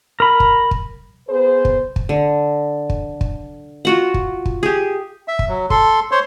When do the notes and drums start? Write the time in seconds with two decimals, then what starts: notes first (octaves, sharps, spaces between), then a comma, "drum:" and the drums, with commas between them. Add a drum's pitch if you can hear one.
0.20 A#4 B5
0.40 drum: kick
0.71 drum: kick
1.28 B3 G#4 B4 C5
1.65 drum: kick
1.96 drum: kick
2.09 D3
2.90 drum: kick
3.21 drum: kick
3.85 F4 F#4 F#5
4.14 drum: kick
4.45 drum: kick
4.63 G4 G#4
5.28 E5
5.39 drum: kick
5.48 F#3
5.70 A4 C6, drum: kick
6.11 C5 C#5 C6